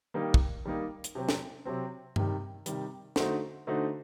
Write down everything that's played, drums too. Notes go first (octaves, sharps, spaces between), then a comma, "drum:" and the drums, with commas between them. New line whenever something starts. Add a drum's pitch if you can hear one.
D#3 G3 A#3 D#4
drum: kick
D#3 G3 A#3 D#4
drum: hi-hat
C3 F#3 C4
drum: snare
C3 F#3 C4
C3 D#3 G3, drum: tom G2
C3 D#3 G3, drum: hi-hat
D3 A3 D#4 F#4 C5, drum: snare
D3 A3 D#4 F#4 C5